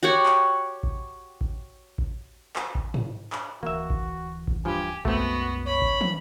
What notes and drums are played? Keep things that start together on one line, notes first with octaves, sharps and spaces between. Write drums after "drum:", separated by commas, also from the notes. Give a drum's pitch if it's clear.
F#4 G4 C#5 F#5
drum: clap
drum: kick A1
drum: kick A1
drum: kick A1
drum: clap
drum: kick A1
drum: tom G#2
drum: clap
D1 E3 A#3 F#4 E5
drum: kick A1
drum: kick A1
G2 F3 G4 G#5
C2 F#2 G#3 A3 B3 C4 F#4, drum: kick A1
C#5 B5
drum: kick A1
drum: tom